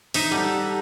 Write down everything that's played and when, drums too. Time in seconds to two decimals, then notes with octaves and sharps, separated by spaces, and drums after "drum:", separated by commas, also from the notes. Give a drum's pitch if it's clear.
0.14 D#4 E5, drum: open hi-hat
0.31 G3 A4 F#5 A#5